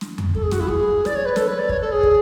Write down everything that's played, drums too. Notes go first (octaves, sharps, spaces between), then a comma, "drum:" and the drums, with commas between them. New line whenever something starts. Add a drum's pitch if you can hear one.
drum: snare
drum: tom F2
A4, drum: kick
G#4
F#4, drum: snare
E4
G#4, drum: kick
D5, drum: snare
C#5
B4
A4, drum: snare
B4
D5
C#5, drum: kick
A4
G#4
drum: kick